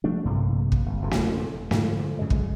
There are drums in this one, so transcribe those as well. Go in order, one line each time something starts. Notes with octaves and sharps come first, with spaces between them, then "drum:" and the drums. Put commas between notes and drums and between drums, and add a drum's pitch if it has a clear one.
F3 A3 D4
A#1 G2 C3 A#3
drum: kick
G1
F#1 F2 B2
drum: snare
G#2 D3 D#3 F3, drum: snare
F#2 C#3 G#3
drum: kick